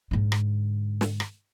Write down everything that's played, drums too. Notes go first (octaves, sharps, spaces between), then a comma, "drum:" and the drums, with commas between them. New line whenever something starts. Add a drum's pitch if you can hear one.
G#2 D3
drum: rim click
drum: snare
drum: rim click